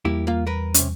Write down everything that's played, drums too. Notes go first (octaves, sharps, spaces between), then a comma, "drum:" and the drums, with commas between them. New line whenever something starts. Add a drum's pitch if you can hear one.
E2 G3 A#3 E4 G4
A#3 F4
A#4 B4
C3 C#4, drum: hi-hat